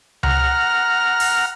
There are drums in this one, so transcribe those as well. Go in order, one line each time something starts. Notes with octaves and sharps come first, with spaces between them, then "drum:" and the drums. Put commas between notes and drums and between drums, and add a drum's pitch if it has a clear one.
F#5 A#5 F6, drum: tom C#2
drum: open hi-hat